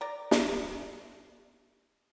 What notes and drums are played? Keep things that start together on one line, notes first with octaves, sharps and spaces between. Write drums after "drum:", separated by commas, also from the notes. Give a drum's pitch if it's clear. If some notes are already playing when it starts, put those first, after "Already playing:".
D5 A#5
drum: snare